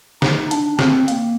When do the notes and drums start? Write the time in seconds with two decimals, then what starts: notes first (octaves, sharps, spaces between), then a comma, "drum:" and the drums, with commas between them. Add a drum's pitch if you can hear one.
0.22 D#4, drum: snare
0.51 D4, drum: hi-hat
0.79 C4, drum: snare
1.08 A#3, drum: hi-hat